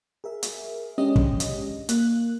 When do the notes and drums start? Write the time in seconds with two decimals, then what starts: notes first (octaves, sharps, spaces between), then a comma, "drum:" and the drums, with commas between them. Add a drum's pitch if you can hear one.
0.24 G#4 A#4 E5
0.43 drum: hi-hat
0.98 G#3 C#4 D4 G4 D#5 D#6
1.16 drum: kick
1.40 drum: hi-hat
1.89 A#3 F#6, drum: hi-hat